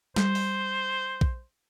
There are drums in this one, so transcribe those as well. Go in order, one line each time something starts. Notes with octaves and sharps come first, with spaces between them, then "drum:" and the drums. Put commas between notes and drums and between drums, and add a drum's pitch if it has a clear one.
G3 C5, drum: snare
drum: open hi-hat
drum: kick A#1